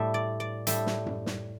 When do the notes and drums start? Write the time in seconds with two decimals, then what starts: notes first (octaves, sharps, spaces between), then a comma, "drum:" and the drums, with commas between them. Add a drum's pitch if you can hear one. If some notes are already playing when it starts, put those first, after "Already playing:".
Already playing: A2 G3 E5
0.14 D5
0.40 D5
0.67 A2 G3 E5, drum: hi-hat
0.86 drum: snare
1.06 drum: tom F#2
1.26 drum: snare